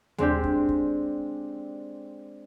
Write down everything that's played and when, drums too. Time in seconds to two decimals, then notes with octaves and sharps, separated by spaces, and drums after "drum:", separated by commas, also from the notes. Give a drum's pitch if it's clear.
0.18 G#3 C4 D4 G4, drum: tom D#2
0.44 drum: kick
0.69 drum: kick